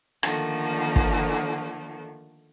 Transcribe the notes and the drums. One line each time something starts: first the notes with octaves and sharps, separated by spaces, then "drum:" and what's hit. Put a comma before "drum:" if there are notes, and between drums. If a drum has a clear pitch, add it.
D3 D#3 F3 A3 A#3, drum: rim click
drum: kick